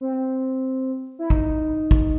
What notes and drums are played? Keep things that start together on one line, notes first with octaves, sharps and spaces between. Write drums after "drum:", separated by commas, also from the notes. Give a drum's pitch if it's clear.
C4
E4
D#4, drum: kick
drum: kick